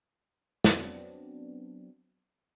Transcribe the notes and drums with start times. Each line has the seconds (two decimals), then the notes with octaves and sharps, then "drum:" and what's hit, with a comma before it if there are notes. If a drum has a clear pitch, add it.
0.64 F#3 B3 C4 D4, drum: snare